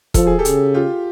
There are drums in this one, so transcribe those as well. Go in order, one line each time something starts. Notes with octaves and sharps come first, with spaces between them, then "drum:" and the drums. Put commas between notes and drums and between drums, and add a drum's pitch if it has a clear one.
F3 A4, drum: kick E1, hi-hat
G#4
G4 A4
C#3, drum: hi-hat
F4 G4